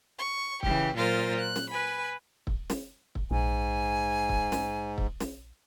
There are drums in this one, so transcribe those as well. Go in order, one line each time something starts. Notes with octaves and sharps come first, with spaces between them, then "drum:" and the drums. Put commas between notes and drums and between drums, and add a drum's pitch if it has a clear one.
C#6
C#3 E3 G4, drum: kick
A#2 F#3 F4 A#4 C5 A6
F#6
drum: snare
B4 G#5 B5
drum: kick
drum: snare
drum: kick
A#1 G#2 G#5
drum: kick
drum: snare
drum: kick
drum: snare